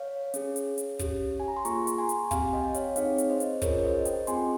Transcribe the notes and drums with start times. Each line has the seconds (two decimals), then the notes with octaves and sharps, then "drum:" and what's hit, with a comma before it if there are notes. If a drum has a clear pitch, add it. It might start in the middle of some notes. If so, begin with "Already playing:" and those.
Already playing: C#5 F5
0.34 C#4 G#4, drum: hi-hat
0.56 drum: hi-hat
0.78 drum: hi-hat
0.99 C#4 G4, drum: kick, hi-hat
1.40 G#5
1.48 A#5
1.57 C6
1.65 A#3 F4 G#4 A#5 C#6, drum: hi-hat
1.87 drum: hi-hat
1.98 G#5 C6
2.09 drum: hi-hat
2.31 C4 G4 F5 G#5, drum: kick, hi-hat
2.53 D#5 G5
2.75 C#5 F5, drum: hi-hat
2.96 C4 D#4 G#4 C#5 F5, drum: hi-hat
3.18 drum: hi-hat
3.29 C5 D#5
3.40 drum: hi-hat
3.62 C#4 F4 G#4 A#4 C#5, drum: kick, hi-hat
3.84 C5 D#5
4.05 D#5 G5, drum: hi-hat
4.27 C4 F4 G#4 G#5 C6, drum: hi-hat